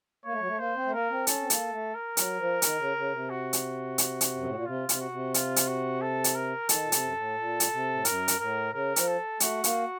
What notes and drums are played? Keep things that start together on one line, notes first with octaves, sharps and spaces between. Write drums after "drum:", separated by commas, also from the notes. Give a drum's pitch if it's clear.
A#3 C#5
A3
F#3
A3
A#3 C5
C4
A3
A#3 A#4
C4
C#4 A4, drum: hi-hat
C4
A#3, drum: hi-hat
A3
A#4
F#3, drum: hi-hat
F3
D#3, drum: hi-hat
C#3
C#3
C3
F#4
drum: hi-hat
drum: hi-hat
drum: hi-hat
F#2
A2
A#2
C3 F4
C3, drum: hi-hat
F#4
C3
F4, drum: hi-hat
drum: hi-hat
F#4
A4
drum: hi-hat
A#4
D#3 A4, drum: hi-hat
A#2
C3, drum: hi-hat
F#2
A2
A#2
drum: hi-hat
C3
A2
F#2 A#4, drum: hi-hat
drum: hi-hat
A2 A#4
C#3 A#4
F3, drum: hi-hat
A4
A3 F#4, drum: hi-hat
A#3, drum: hi-hat